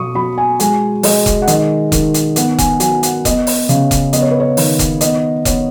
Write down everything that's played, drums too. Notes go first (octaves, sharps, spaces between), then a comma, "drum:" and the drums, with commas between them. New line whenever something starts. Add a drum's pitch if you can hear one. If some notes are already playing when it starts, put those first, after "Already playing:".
Already playing: B2 F#3 C#6 D#6
F#3 B5
G#5
G#3 G#5, drum: hi-hat
G#3 D#5, drum: open hi-hat
drum: kick E1, hi-hat
F#5
D#3 D#5, drum: hi-hat
D#3, drum: kick E1, hi-hat
drum: hi-hat
B3 F#5, drum: hi-hat
G#5, drum: kick E1, hi-hat
F#3 G#5, drum: hi-hat
F#5, drum: hi-hat
B3 D#5, drum: kick E1, hi-hat
drum: open hi-hat
C#3, drum: hi-hat
drum: kick E1, hi-hat
B3 D#5, drum: hi-hat
C#5
B4
C#5
D#3, drum: open hi-hat
drum: kick E1, hi-hat
B3 D#5, drum: hi-hat
B3 C#5, drum: kick E1, hi-hat